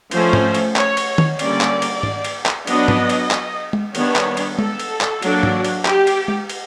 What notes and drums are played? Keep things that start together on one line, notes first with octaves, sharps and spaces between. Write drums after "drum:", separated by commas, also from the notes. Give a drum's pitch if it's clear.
F3 A3 C#4 C5, drum: cymbal
drum: tom G#2
drum: cymbal
C#5, drum: clap
drum: cymbal
drum: tom D#3
D3 G3 A#3 C#4 D5, drum: cymbal
drum: clap
drum: cymbal
drum: tom G#2
drum: cymbal
drum: clap
F#3 B3 D4 D#5, drum: cymbal
drum: tom G#2
drum: cymbal
drum: clap
drum: tom G#3
D#3 G3 B3 D4 C#5, drum: cymbal
drum: clap
drum: cymbal
A4, drum: tom G#3
drum: cymbal
drum: clap
F#3 A#3 D4, drum: cymbal
drum: tom G#2
drum: cymbal
G4, drum: clap
drum: cymbal
drum: tom G#3
drum: cymbal